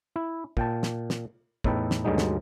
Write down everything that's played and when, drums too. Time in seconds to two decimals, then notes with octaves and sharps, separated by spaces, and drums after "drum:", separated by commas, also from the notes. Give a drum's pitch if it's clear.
0.16 E4
0.57 A#2 G5 A5, drum: kick
0.83 drum: snare
1.10 drum: snare
1.64 E2 A2 D#4 A4 B4 G5, drum: kick
1.91 drum: snare
2.04 D2 G2 D3 F#3 G#3 D#4
2.18 drum: snare